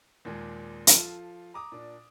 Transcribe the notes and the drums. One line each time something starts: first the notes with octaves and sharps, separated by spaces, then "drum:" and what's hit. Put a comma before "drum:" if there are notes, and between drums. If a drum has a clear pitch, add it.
D#2 A#2 G#3 G#4
F3 F4 A4, drum: hi-hat
A#5 D6 D#6
A#2 D4